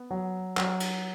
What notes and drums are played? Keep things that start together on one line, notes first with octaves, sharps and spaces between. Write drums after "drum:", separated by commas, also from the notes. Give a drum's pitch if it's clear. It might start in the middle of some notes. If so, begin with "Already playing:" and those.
Already playing: B3
F#3
F#3, drum: clap
drum: cymbal